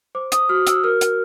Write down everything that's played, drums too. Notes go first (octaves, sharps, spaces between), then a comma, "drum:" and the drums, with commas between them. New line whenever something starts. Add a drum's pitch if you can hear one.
C5 D6
D#6, drum: hi-hat
F#4 F6
E6, drum: hi-hat
A#4 F6
drum: hi-hat